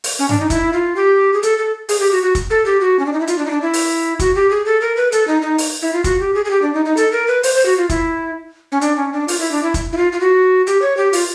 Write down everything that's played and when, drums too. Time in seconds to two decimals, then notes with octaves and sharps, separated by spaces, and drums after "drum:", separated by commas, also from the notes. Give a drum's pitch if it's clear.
0.04 drum: open hi-hat
0.19 C#4
0.29 D4, drum: tom G2
0.40 D#4
0.50 E4, drum: kick, hi-hat
0.73 F4
0.96 G4
1.33 G#4
1.43 A4, drum: hi-hat
1.58 A4
1.89 G#4, drum: open hi-hat
2.00 G4
2.12 F#4
2.23 F#4
2.35 drum: kick, hi-hat
2.50 A4
2.66 G4
2.81 F#4
2.99 C#4
3.06 D4
3.13 D#4
3.20 E4
3.27 F4, drum: hi-hat
3.38 D4
3.46 D#4
3.50 D4
3.62 E4
3.73 drum: open hi-hat
4.19 F#4, drum: kick, hi-hat
4.35 G4
4.51 G#4
4.66 A4
4.81 A#4
4.97 B4
5.12 A4, drum: hi-hat
5.28 D#4
5.42 D#4
5.58 drum: open hi-hat
5.82 E4
5.93 F4
6.04 F#4, drum: kick, hi-hat
6.20 G4
6.35 G#4
6.45 G#4
6.51 G4
6.62 D4
6.74 D#4
6.86 D#4
6.97 A4, drum: hi-hat
7.12 A#4
7.28 B4
7.43 C5, drum: open hi-hat
7.55 C5
7.66 F#4
7.78 F4
7.89 E4, drum: kick, hi-hat
8.72 C#4
8.81 D4, drum: hi-hat
8.97 C#4
9.13 D4
9.28 F4, drum: open hi-hat
9.40 E4
9.51 D4
9.63 E4
9.74 drum: kick, hi-hat
9.93 E4
9.97 F4
10.13 F4
10.21 F#4
10.67 G4, drum: hi-hat
10.82 C#5
10.97 G4
11.13 F4, drum: open hi-hat